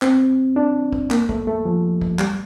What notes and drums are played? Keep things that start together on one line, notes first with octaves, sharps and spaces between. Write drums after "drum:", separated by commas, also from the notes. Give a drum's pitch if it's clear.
C4, drum: clap
D4
drum: kick
A#3, drum: clap
A3, drum: kick
A3
F3
drum: kick
G3, drum: clap